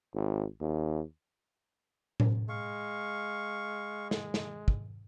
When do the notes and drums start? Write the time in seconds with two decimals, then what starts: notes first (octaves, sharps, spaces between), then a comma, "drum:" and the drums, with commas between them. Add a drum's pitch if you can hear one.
0.14 G#1
0.61 D#2
2.20 drum: tom A2
2.49 G#3 F5 C#6
4.11 drum: snare
4.34 drum: snare
4.68 drum: kick